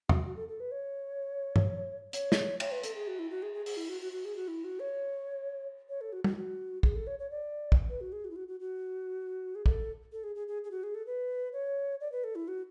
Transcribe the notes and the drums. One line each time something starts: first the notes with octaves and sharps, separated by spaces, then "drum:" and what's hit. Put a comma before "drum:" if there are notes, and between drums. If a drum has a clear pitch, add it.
F#4, drum: tom
F#4
A4
A4
B4
C#5
drum: tom
C#5, drum: hi-hat
drum: snare
C#5, drum: cymbal
B4
A4, drum: hi-hat
G#4
F#4
E4
F#4
G#4
G#4
G#4, drum: open hi-hat
E4
F#4
F#4
F#4
G#4
F#4
E4
F#4
C#5
C#5
A4
F#4
F#4, drum: tom
F#4
G#4, drum: kick
A4
C#5
C#5
D5
drum: kick
B4
F#4
G#4
F#4
E4
F#4
F#4
F#4
G#4
A4, drum: kick
A4
G#4
G#4
G#4
G#4
F#4
G#4
A4
B4
C#5
D5
B4
A4
E4
F#4